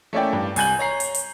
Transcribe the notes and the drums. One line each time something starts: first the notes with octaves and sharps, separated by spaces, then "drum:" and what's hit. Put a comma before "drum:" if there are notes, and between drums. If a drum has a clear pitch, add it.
A3 A#3 C#4 E4 D5 G5
G2
C2 G#5 G6 F#7, drum: open hi-hat
C#5 A#5 C7
drum: hi-hat
drum: hi-hat